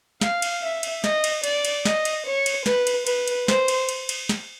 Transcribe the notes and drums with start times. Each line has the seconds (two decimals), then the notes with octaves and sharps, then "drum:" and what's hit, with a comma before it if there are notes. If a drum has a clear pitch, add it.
0.21 F5, drum: snare
0.42 drum: cymbal
0.62 E5
0.83 drum: cymbal
1.04 D#5, drum: snare
1.24 drum: cymbal
1.44 D5, drum: cymbal
1.65 drum: cymbal
1.85 D#5, drum: snare
2.05 drum: cymbal
2.26 C#5
2.46 drum: cymbal
2.66 B4, drum: snare
2.87 drum: cymbal
3.07 B4, drum: cymbal
3.28 drum: cymbal
3.48 C5, drum: snare
3.68 drum: cymbal
3.89 drum: cymbal
4.09 drum: cymbal
4.29 drum: snare